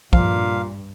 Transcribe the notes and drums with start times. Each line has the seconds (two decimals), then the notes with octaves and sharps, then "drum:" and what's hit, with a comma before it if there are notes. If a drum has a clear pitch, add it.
0.13 G2 A#2 F3 F5, drum: kick